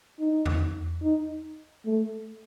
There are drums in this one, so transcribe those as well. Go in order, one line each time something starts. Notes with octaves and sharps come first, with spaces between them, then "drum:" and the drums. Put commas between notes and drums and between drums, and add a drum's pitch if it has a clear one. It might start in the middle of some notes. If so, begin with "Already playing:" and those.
D#4
drum: tom E2
D#4
A3